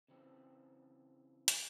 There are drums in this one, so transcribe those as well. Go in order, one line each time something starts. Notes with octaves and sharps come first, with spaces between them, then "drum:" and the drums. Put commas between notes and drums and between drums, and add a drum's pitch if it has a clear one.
C#3 E3 F3 C4
drum: hi-hat